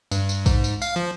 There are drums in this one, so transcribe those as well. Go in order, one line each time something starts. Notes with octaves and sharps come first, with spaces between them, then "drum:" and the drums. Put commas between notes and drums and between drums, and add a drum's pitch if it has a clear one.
G2, drum: tambourine
drum: tambourine
G#2, drum: kick A#1, tambourine
drum: tambourine
F5, drum: tambourine
F3